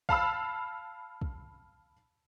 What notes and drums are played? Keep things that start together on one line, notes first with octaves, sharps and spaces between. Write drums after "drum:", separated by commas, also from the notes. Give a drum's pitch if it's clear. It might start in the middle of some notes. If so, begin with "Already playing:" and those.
F5 A5 B5 E6, drum: kick
drum: kick